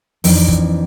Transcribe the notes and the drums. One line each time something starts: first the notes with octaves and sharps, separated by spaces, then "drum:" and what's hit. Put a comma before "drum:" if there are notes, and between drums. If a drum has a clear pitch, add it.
F2 E3 C4 D4 D#4 D#5, drum: open hi-hat
drum: kick